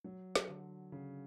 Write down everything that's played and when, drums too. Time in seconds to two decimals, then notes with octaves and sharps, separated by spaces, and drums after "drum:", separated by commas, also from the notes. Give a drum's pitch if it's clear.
0.04 F#3
0.35 drum: snare
0.48 D3
0.92 C#3